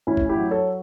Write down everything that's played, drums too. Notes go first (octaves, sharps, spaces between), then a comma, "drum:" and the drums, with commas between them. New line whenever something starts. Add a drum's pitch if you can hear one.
A1 C#4 E4
drum: kick
E4 G4
F#3
A4 C#5